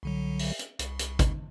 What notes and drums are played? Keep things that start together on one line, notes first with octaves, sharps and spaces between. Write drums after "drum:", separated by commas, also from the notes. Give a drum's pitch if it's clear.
C2 D3 F#3
drum: open hi-hat
drum: hi-hat
C2, drum: hi-hat
drum: hi-hat
drum: kick, hi-hat